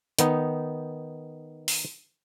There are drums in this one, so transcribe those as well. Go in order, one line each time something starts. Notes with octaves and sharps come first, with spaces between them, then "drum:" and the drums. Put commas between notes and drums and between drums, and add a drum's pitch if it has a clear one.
D#3 B3 D#4, drum: hi-hat
drum: open hi-hat